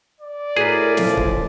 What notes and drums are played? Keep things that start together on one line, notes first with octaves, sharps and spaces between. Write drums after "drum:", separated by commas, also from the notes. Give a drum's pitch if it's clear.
D5
A2 F#4 G#4 A#4 B4
F#1 F3, drum: snare
drum: kick C#1